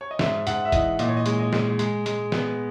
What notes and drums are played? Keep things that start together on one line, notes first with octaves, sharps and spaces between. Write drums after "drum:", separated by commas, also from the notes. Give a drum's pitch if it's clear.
C#5
D#5
G#2 E5, drum: snare
G#2 F#5, drum: hi-hat
E5
E3 D#5, drum: kick, hi-hat
A#2 D#5, drum: hi-hat
C#5
D#5
G#3, drum: hi-hat
D#5
G#3, drum: snare
G#3, drum: hi-hat
G#3, drum: hi-hat
B3, drum: snare